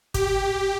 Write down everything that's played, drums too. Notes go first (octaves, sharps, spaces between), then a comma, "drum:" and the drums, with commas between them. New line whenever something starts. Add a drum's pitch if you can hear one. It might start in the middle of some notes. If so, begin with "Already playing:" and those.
G4, drum: kick, hi-hat